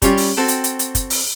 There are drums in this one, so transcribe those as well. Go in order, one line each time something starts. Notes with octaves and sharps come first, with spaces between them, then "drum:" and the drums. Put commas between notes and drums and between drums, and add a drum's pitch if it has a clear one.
G3 C#4 F4 G4, drum: kick, hi-hat
drum: open hi-hat
C4 F#4 A4 G5
drum: hi-hat
drum: hi-hat
drum: hi-hat
drum: kick, hi-hat
drum: open hi-hat